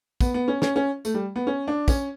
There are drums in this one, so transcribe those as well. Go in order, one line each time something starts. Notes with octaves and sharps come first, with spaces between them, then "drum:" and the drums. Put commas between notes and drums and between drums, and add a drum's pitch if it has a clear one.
B3, drum: kick, tambourine
B3
C#4
C#4, drum: snare
C#4
A3, drum: tambourine
G3
B3
C#4
D4
C#4, drum: kick, tambourine